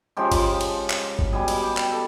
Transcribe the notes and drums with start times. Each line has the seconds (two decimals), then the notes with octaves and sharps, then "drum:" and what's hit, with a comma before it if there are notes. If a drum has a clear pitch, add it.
0.17 C#3 F3 G#3 G4
0.32 drum: kick G#1, cymbal
0.61 drum: cymbal
0.90 drum: clap
1.19 drum: kick G#1
1.33 B2 G3 G#4
1.48 drum: cymbal
1.63 G4
1.77 drum: clap
1.91 A4